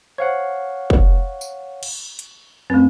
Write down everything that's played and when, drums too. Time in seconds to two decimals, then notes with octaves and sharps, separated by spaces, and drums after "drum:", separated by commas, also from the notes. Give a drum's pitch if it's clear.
0.18 C5 C#5 F5 F#5
0.90 drum: kick
1.41 drum: tambourine
1.83 drum: cymbal
2.19 drum: hi-hat
2.70 F#2 A3 C4 B4